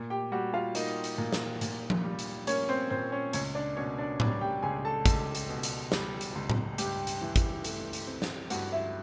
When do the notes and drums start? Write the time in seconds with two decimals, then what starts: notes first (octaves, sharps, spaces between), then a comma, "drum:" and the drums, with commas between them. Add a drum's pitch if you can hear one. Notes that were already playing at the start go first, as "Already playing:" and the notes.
Already playing: A#2
0.10 G4 G5
0.32 G3 F#4 F#5
0.54 F4 F5
0.75 A#3 D#4 D#5, drum: hi-hat
1.04 drum: hi-hat
1.18 A#2
1.33 drum: snare
1.61 A#2, drum: hi-hat
1.90 drum: tom F3
2.04 G3
2.19 drum: hi-hat
2.47 A#3 C#4 C#5, drum: hi-hat
2.69 C4 C5
2.90 A#2 C4 C5
3.12 C#4 C#5
3.33 C#2 C#4 C#5, drum: hi-hat
3.55 D4 D5
3.76 B2 C#4 C#5
3.98 D4 D5
4.20 G3 D4 D5, drum: tom A2
4.41 G4 G5
4.63 C#2 G#4 G#5
4.85 A4 A5
5.06 C#2, drum: kick, hi-hat
5.35 drum: hi-hat
5.49 B2
5.63 drum: hi-hat
5.92 G3, drum: snare
6.21 drum: hi-hat
6.35 C#2
6.50 drum: tom A2
6.78 G2 G4 G5, drum: hi-hat
7.07 drum: hi-hat
7.21 E3
7.36 drum: kick, hi-hat
7.64 A3, drum: hi-hat
7.93 drum: hi-hat
8.07 C4
8.22 drum: snare
8.50 G2 F#4 F#5, drum: hi-hat
8.72 E4 E5